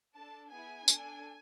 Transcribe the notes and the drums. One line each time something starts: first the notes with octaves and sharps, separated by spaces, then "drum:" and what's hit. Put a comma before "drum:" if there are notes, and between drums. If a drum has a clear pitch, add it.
D4 A4 A5
B3 E4 G#4 G#5
D4 A4, drum: tambourine